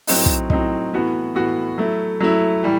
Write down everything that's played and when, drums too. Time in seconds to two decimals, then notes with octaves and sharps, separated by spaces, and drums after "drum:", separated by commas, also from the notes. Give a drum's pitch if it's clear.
0.07 A2 F#3 C4 D#4, drum: open hi-hat
0.26 drum: kick
0.50 A2 F#3 C4 D#4, drum: kick
0.93 A2 E3 B3 F#4
1.35 A2 E3 B3 F#4
1.78 F#3 A3 E4
2.20 F#3 A3 E4
2.63 A2 E3 G3